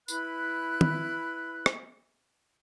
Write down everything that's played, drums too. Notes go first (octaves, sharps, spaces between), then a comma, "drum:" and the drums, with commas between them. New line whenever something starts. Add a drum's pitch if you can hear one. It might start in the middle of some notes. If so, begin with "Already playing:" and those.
E4 B4 B5 F#6, drum: tambourine
drum: tom D#3
drum: rim click